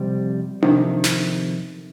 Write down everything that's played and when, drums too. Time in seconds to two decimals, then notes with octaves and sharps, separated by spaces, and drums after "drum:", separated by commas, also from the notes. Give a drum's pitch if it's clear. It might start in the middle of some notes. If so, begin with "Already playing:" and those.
Already playing: F2 C3 G3
0.63 F2 C3 D#3, drum: tom D4
1.04 drum: snare